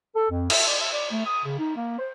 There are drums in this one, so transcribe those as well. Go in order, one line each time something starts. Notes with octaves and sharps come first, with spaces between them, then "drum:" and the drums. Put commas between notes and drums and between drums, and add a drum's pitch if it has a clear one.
A4
F2
E5, drum: cymbal
D5
E5
D5
A3
D#6
C#3
D#4
A#3
C5